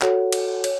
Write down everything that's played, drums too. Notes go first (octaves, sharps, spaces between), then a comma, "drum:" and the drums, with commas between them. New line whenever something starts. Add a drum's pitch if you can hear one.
F#4 A4 C#5 F#5, drum: clap
drum: cymbal
C#5, drum: cymbal